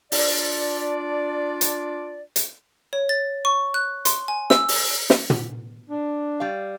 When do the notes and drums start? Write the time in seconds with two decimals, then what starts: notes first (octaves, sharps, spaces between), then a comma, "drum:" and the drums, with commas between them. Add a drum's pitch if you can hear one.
0.12 D4 F4 D5, drum: open hi-hat
1.61 drum: hi-hat
2.36 drum: hi-hat
2.93 C#5
3.09 A6
3.45 C#6
3.74 F#6
4.05 C6, drum: hi-hat
4.28 G#5
4.50 E6, drum: snare
4.68 drum: open hi-hat
5.10 drum: snare
5.30 drum: tom
5.89 D4
6.40 G3 F5